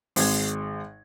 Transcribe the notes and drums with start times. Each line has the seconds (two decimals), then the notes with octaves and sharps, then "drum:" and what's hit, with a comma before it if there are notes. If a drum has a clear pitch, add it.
0.16 G#1 G#3 G#6, drum: open hi-hat